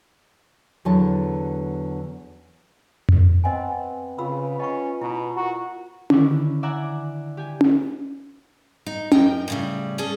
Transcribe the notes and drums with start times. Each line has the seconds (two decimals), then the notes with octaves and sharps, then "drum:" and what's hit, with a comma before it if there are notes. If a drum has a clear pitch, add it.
0.85 E2 D3 F#3 E4 A5
3.09 drum: tom F2
3.44 B3 C4 D#5 F#5 G#5
4.18 C#3 F4 B4 F5 B5 E6
4.59 C#4 D#5 F#5 C#6
5.01 B2 E4 A#5
5.36 E4 F#4 A#4
6.10 D3 D#3 C#4 D4 E4, drum: tom C#4
6.63 D5 E5 F#5 G#5 A#5 D6
7.37 G4 G#5
7.61 drum: tom C#4
8.86 D#4
9.12 F#2 A#4 D#5 G5, drum: tom C#4
9.48 A2 C#3 G3
9.98 C#4 G#4 A4